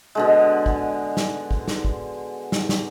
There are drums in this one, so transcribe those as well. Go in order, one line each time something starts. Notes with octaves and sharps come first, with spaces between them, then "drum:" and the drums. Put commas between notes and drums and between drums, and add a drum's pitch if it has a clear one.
B2 D3 G#3
drum: kick
drum: snare
drum: kick
drum: snare
drum: kick
drum: snare
drum: snare